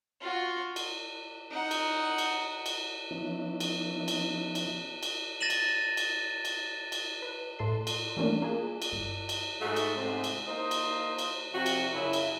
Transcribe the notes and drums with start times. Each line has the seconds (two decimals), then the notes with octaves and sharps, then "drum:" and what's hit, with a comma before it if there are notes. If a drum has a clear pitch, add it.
0.20 F4 F#4
0.76 drum: cymbal
1.50 D#4 F#5
1.71 drum: cymbal
2.18 drum: cymbal
2.66 drum: cymbal
3.11 F3 B3 C#4 D#4 E4
3.60 drum: cymbal
4.08 drum: cymbal
4.55 drum: cymbal
5.03 drum: cymbal
5.40 A6 A#6 D#7 E7 F#7
5.50 drum: cymbal
5.97 drum: cymbal
6.45 drum: cymbal
6.92 drum: cymbal
7.22 B4
7.59 A2 A4 C6
7.87 drum: cymbal
8.17 E3 G3 A3 A#3 C#4 D4
8.42 A#3 F4 G#4
8.82 drum: cymbal
8.92 G1
9.29 drum: cymbal
9.61 G#2 G#3 A3 D#4 F#4
9.76 drum: cymbal
9.97 G#2 C3 A3 B3 C4
10.24 drum: cymbal
10.47 A#3 D#4 C5
10.71 drum: cymbal
11.18 drum: cymbal
11.54 C3 F3 F#4
11.66 drum: cymbal
11.94 F#2 C#3 E4
12.13 drum: cymbal